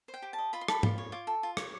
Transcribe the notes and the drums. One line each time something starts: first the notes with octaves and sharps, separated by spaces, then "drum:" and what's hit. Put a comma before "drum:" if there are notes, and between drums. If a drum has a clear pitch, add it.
C5
G5
G4
A5
D#5
F4 B5
C6
A4 B5, drum: rim click
F4, drum: tom G#2
C#5
F4 D6
A4
F4
C#5, drum: rim click